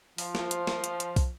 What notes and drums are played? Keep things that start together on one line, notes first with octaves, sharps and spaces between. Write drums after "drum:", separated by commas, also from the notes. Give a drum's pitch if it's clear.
F3, drum: open hi-hat
drum: snare
drum: hi-hat
drum: snare
drum: hi-hat
drum: hi-hat
drum: kick, open hi-hat